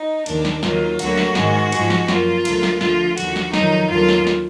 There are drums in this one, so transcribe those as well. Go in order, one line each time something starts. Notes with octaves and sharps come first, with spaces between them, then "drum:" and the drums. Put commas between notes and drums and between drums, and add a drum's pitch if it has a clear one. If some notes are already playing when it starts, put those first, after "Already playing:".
Already playing: D#4
D#2 D#3 A#3 D4, drum: cymbal
drum: snare
D#2 D#3 F#3 A#3 F4, drum: snare
D2 D3 F#3 A#3 F#4, drum: cymbal
drum: snare
G#2 D#3 G#3, drum: snare
G#2 F3 G#3, drum: cymbal
drum: snare
F#2 F3 A#3 F4, drum: snare
D2 D3 F#3 A#3, drum: cymbal
drum: snare
D2 D3 F3 F4, drum: snare
D#2 D3 F3 F#4, drum: cymbal
drum: snare
F2 D#3 F#3 D#4, drum: snare
D#2 D3 F#3 A#3 F4
drum: snare
drum: snare